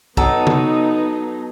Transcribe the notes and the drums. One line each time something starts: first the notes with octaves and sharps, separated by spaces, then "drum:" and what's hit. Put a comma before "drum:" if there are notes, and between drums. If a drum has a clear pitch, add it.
F#3 B3 D#4 A4, drum: kick
drum: tom C#3